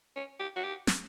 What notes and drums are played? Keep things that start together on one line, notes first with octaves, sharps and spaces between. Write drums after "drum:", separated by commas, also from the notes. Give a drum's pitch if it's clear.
C#4
G4
F#4
G4
drum: snare